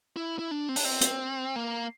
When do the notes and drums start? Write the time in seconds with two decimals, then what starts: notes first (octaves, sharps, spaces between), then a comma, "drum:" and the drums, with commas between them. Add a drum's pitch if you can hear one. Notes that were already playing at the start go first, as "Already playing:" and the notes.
0.16 E4
0.39 E4
0.51 D4
0.69 C4
0.76 D4, drum: open hi-hat
0.85 C4
1.01 drum: hi-hat
1.56 A#3